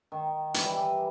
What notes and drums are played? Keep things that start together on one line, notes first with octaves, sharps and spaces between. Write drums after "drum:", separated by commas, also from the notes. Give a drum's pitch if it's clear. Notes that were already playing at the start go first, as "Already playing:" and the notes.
D#3
E3, drum: hi-hat
G3
E3